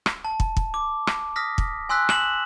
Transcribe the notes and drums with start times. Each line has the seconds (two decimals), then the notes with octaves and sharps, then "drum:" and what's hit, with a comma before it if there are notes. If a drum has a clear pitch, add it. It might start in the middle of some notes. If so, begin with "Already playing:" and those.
0.06 drum: rim click
0.25 A5
0.40 drum: kick
0.57 drum: kick
0.74 D6
1.07 drum: rim click
1.36 D#6 F6 A#6 B6
1.58 drum: kick
1.89 G#5 C6 E6 F#6 B6
2.09 E7 F#7, drum: rim click